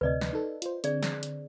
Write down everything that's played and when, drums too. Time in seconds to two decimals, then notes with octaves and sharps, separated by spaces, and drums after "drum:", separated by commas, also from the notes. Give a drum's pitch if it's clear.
0.01 D2 C3 B4 D5 D#5
0.21 drum: snare
0.33 D#4 A4
0.62 F4 C5, drum: hi-hat
0.84 D3 C4 G#4 D5, drum: hi-hat
1.03 drum: snare
1.23 drum: hi-hat